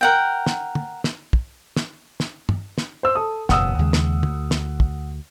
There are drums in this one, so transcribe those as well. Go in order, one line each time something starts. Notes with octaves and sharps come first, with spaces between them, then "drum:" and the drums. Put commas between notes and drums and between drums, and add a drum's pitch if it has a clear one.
A#4 F#5 G5
drum: snare
drum: tom
drum: snare
drum: kick
drum: snare
drum: snare
drum: tom
drum: snare
C5 E6
A4 D#6
F#1 E2 B2 F#5 D#6 E6, drum: snare
D#2 C#3 G#3
drum: snare
D2, drum: tom
drum: snare
drum: kick